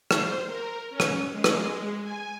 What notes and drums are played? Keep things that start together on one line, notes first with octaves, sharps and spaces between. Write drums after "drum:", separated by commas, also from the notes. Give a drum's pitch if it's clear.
C5, drum: rim click
A#4
C#4
drum: rim click
G#3
drum: rim click
G#5